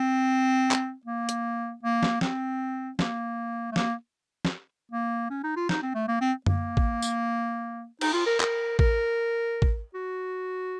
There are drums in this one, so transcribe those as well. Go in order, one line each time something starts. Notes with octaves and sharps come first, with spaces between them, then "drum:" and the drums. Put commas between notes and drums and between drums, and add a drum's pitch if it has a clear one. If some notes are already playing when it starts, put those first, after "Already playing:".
Already playing: C4
drum: clap
A#3
drum: hi-hat
A#3
drum: snare
C4, drum: snare
A#3, drum: snare
A3
A#3, drum: snare
drum: snare
A#3
C#4
D#4
F4
D#4, drum: snare
C4
A3
A#3
C4
A#3, drum: tom F#2
drum: kick
drum: tambourine
D#4, drum: cymbal
F4
A#4
A#4, drum: clap
A#4, drum: kick
drum: kick
F#4